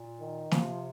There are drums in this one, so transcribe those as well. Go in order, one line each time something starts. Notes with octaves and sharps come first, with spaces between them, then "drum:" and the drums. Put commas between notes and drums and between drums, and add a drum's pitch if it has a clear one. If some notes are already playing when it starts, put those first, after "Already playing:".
Already playing: A#2
D#3
C3 F3, drum: snare